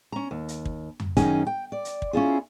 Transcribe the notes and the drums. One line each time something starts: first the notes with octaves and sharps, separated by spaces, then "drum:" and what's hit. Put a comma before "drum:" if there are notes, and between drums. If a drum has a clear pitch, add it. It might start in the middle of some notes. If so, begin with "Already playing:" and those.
C#4 A#5
D#2
drum: hi-hat
drum: kick
drum: tom F2
F#2 D#3 C#4 D#4 G#4 G#5, drum: kick, hi-hat
G5
D5
drum: hi-hat
drum: kick
C#4 E4 F4 G#4